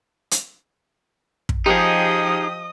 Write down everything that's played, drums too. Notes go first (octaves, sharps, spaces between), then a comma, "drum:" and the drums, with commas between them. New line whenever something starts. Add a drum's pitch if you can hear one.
drum: hi-hat
drum: kick
F3 D#4 G4 G#4 D#5 D#6